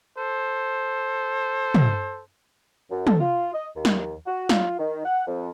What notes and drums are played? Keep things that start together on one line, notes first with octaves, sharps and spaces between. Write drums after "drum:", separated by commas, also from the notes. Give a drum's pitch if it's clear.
A4 C5
drum: tom
F#2
A4, drum: tom
F4
D#5
D#2
drum: snare
F#4
F4, drum: snare
D#3
F#5
F2